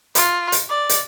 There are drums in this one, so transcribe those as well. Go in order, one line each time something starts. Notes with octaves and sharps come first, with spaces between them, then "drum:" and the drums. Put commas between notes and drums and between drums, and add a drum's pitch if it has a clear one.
F4, drum: hi-hat
drum: hi-hat
D5
drum: hi-hat